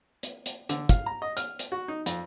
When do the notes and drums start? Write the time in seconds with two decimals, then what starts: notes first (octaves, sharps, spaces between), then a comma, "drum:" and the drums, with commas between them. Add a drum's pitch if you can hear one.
0.23 drum: hi-hat
0.46 drum: hi-hat
0.69 D3, drum: hi-hat
0.89 F5, drum: kick, hi-hat
1.06 A#5
1.22 D#5
1.37 F6, drum: hi-hat
1.59 drum: hi-hat
1.72 F#4
1.88 D#4
2.06 F2, drum: hi-hat